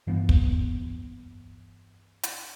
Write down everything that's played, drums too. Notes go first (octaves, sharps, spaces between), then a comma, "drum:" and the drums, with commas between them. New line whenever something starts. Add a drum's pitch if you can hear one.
G2 E3 A#3 B3
drum: kick
drum: hi-hat